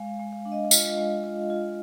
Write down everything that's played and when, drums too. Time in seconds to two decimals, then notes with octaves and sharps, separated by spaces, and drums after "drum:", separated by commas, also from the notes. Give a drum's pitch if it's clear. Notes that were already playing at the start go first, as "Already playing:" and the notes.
Already playing: G#3 F5
0.20 G#3
0.33 F5
0.45 D4
0.52 D#5
0.65 F5
0.71 F4 D#5, drum: tambourine
0.98 G#3
1.24 F4
1.50 F4